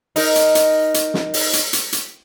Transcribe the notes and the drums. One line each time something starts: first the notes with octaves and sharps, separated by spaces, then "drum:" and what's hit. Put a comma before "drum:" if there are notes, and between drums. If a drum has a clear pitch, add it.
D#4 A#4, drum: open hi-hat
drum: hi-hat
drum: hi-hat
drum: hi-hat
drum: snare
drum: open hi-hat
drum: hi-hat
drum: hi-hat
drum: hi-hat